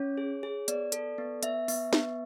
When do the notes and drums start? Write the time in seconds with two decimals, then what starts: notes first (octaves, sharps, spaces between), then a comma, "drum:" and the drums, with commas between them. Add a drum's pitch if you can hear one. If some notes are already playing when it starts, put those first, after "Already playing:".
Already playing: C#4 C#5
0.18 G#4
0.43 G#4
0.68 B3 D5, drum: hi-hat
0.92 A4, drum: hi-hat
1.18 B3
1.43 B3 E5, drum: hi-hat
1.68 B3, drum: open hi-hat
1.93 B3, drum: snare